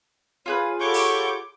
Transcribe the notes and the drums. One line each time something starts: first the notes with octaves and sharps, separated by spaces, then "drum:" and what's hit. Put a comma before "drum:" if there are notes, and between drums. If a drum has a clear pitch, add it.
F4 G#4 B4 C#5
G4 A4 C#5 F#5 C#6 D6 G6
drum: open hi-hat